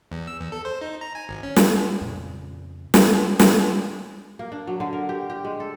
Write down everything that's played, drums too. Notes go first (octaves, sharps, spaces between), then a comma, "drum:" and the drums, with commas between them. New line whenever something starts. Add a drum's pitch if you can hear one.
E2
E6
E2
A4
C5
D#4
A#5
G#5
G#1
C#4
drum: snare
F2 A#2 C#3
drum: snare
drum: snare
A#3
D4
F#3
D3
A#4
G4
G4
G#3
A4